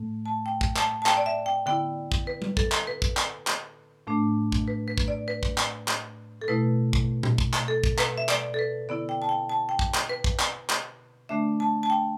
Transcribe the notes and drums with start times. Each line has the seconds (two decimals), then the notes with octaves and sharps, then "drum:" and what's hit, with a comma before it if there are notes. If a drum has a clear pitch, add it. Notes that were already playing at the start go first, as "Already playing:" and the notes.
Already playing: A2 A3
0.26 A5
0.46 G5
0.61 drum: kick
0.76 A5, drum: clap
1.02 A5
1.06 G5, drum: clap
1.17 D5
1.26 E5
1.46 G5
1.66 D3 B3 E4 G5
2.12 drum: kick
2.27 B4
2.42 drum: tom G3
2.57 A4, drum: kick
2.72 drum: clap
2.87 B4
3.02 drum: kick
3.17 drum: clap
3.47 drum: clap
4.07 A2 A3 D4
4.52 drum: kick
4.68 B4
4.88 B4
4.98 drum: kick
5.08 D5
5.28 B4
5.43 drum: kick
5.58 drum: clap
5.88 drum: clap
6.41 A4
6.48 B2 A3 E4 B4
6.93 drum: kick
7.23 drum: tom A#2
7.38 drum: kick
7.53 drum: clap
7.68 A4
7.84 drum: kick
7.98 B4, drum: clap
8.18 E5
8.29 D5, drum: clap
8.54 A4
8.59 B4
8.89 D3 B3 E4 D5
9.09 G5
9.22 A5
9.29 G5
9.49 A5
9.69 G5
9.79 drum: kick
9.94 drum: clap
10.09 B4
10.24 drum: kick
10.39 drum: clap
10.70 drum: clap
11.29 D3 A3 D4 E5
11.60 A5
11.83 A5
11.90 G5